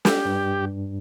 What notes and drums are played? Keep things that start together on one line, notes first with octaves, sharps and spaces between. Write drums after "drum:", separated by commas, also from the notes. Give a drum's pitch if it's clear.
G4, drum: snare
G2